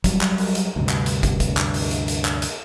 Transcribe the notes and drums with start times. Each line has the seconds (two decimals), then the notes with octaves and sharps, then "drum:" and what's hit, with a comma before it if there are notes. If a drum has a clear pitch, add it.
0.04 F#3 G3, drum: kick, hi-hat
0.21 drum: clap
0.38 drum: open hi-hat
0.55 drum: hi-hat
0.76 D2 G2 C3
0.89 drum: clap
1.06 drum: hi-hat
1.23 drum: kick, hi-hat
1.40 drum: kick, hi-hat
1.57 drum: clap
1.74 drum: open hi-hat
1.91 drum: hi-hat
2.08 drum: hi-hat
2.25 drum: clap
2.42 drum: hi-hat